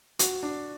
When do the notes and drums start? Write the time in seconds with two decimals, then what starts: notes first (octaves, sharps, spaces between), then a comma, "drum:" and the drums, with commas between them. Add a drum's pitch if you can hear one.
0.19 F#4, drum: hi-hat
0.43 D4